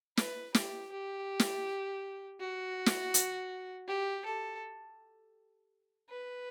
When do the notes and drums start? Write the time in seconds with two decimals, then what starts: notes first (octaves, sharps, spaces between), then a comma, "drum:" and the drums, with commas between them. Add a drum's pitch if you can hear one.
0.17 B4, drum: snare
0.54 G4, drum: snare
0.92 G4
1.40 drum: snare
2.40 F#4
2.86 drum: snare
3.14 drum: hi-hat
3.88 G4
4.25 A4
6.10 B4